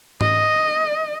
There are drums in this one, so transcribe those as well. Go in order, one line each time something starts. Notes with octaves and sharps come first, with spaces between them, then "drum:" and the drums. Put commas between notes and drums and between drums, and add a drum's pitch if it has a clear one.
D#5, drum: tom G#2